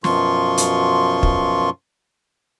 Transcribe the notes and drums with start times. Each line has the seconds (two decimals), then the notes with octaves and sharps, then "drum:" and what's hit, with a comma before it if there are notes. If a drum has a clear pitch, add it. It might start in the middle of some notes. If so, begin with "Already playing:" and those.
0.04 F#2 B2 F3 F4 C6 C#6, drum: snare
0.58 drum: hi-hat
1.23 drum: kick